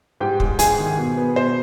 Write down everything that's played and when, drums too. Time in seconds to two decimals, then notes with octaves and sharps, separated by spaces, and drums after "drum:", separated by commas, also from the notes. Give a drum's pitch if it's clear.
0.20 G#2 G4 G5
0.40 G#3, drum: kick
0.59 G#2 G#4 G#5, drum: hi-hat
0.78 D#3
0.98 B2
1.17 B3
1.36 B2 C5 C6